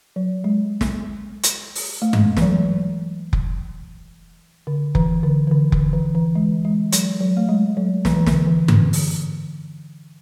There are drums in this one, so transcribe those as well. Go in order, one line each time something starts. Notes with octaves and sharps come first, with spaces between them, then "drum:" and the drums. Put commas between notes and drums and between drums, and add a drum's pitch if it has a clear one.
F#3
G#3
drum: snare
drum: hi-hat
drum: open hi-hat
A3
G#3, drum: tom G2
E3, drum: snare
F#3
drum: kick F1
D3
E3, drum: kick F1
D3
E3
D3
D3, drum: kick F1
E3
E3
G#3
G#3
F#3, drum: hi-hat
F#3
A3
G#3
F#3
E3, drum: snare
E3
D3, drum: snare
E3
D3, drum: tom G2
drum: open hi-hat